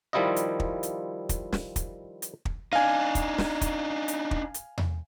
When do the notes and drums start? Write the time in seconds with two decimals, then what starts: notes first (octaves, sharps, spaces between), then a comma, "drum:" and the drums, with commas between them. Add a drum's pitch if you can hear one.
0.13 D#3 F3 G3 E4 F4 D#5
0.36 drum: hi-hat
0.60 drum: kick
0.83 drum: hi-hat
1.29 drum: kick, hi-hat
1.53 drum: snare
1.76 drum: kick, hi-hat
2.22 drum: hi-hat
2.45 drum: kick
2.73 D4 D#4 F5 G#5
3.15 drum: kick, hi-hat
3.38 drum: snare
3.61 drum: kick, hi-hat
4.08 drum: hi-hat
4.31 drum: kick
4.54 drum: hi-hat
4.78 drum: tom E2